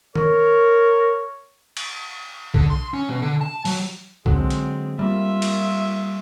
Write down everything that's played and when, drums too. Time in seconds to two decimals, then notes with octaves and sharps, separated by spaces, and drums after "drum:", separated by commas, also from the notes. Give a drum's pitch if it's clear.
0.15 A#4 C#5, drum: tom
1.77 drum: cymbal
2.54 D3, drum: kick B1
2.70 C6
2.94 C#4
3.09 B2
3.22 D3
3.41 A5
3.65 F#3, drum: open hi-hat
4.26 D3 F#3 G#3 C4, drum: kick B1
4.50 drum: hi-hat
4.99 G3 A#3 F4 E5
5.42 drum: cymbal